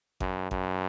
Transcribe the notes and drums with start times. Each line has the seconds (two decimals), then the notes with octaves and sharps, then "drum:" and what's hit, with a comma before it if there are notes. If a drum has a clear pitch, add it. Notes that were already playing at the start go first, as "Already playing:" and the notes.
0.20 F#2, drum: kick G#1
0.51 F#2, drum: kick G#1